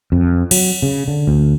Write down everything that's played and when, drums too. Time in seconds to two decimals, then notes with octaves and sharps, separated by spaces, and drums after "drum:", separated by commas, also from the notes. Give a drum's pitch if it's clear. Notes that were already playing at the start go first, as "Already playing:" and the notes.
0.12 F2
0.51 F#3, drum: cymbal
0.82 C#3
1.08 D3
1.27 D2